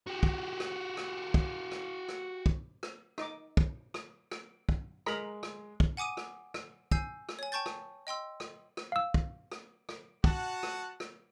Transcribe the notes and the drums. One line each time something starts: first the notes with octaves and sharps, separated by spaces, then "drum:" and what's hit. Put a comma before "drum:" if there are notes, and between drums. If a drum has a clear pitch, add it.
F#4 G4
drum: kick
drum: rim click
drum: rim click
drum: kick
drum: rim click
drum: rim click
drum: kick
drum: rim click
D#4 D#5 D6, drum: rim click
drum: kick
drum: rim click
drum: rim click
drum: kick
G#3 A#4 A#5 B5, drum: rim click
drum: rim click
drum: kick
F#5 G#5 D6 D#6 D#7
drum: rim click
drum: rim click
G#5 E6 G6 C7, drum: kick
drum: rim click
C#5 G#5
G5 A5 C#6 G6 A6
drum: rim click
D#5 G5 C6 E6
drum: rim click
drum: rim click
F5 E6
drum: kick
drum: rim click
drum: rim click
F#4 F#5 A5, drum: kick
drum: rim click
drum: rim click